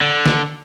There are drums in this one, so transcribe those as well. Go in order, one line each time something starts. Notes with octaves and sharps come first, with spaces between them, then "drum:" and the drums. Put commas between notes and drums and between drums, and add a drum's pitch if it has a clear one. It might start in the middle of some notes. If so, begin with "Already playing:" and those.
D3
drum: snare